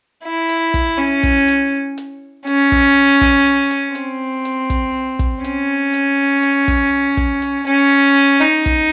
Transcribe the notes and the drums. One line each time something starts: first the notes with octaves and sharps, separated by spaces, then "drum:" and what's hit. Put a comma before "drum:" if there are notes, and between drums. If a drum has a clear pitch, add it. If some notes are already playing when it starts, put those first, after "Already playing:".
E4
drum: hi-hat
drum: kick, hi-hat
C#4
drum: kick, hi-hat
drum: hi-hat
drum: hi-hat
C#4, drum: hi-hat
drum: kick, hi-hat
drum: kick, hi-hat
drum: hi-hat
drum: hi-hat
C4, drum: hi-hat
drum: hi-hat
drum: kick, hi-hat
drum: kick, hi-hat
C#4, drum: hi-hat
drum: hi-hat
drum: hi-hat
drum: kick, hi-hat
drum: kick, hi-hat
drum: hi-hat
C#4, drum: hi-hat
drum: hi-hat
D#4, drum: hi-hat
drum: kick, hi-hat